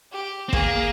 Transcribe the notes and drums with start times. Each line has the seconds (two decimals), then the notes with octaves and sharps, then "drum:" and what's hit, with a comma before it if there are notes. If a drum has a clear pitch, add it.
0.12 G4
0.49 C4
0.53 A#3 G#4, drum: kick